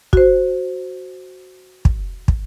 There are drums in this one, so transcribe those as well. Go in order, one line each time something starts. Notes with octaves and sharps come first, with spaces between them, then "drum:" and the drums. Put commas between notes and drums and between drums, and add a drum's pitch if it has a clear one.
F#4 C5, drum: kick
drum: kick
drum: kick